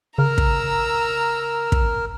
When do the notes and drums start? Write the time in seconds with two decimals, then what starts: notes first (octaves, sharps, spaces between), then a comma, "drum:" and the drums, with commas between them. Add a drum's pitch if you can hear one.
0.18 C#3 A#4 A#5 E6
0.38 drum: kick
1.72 drum: kick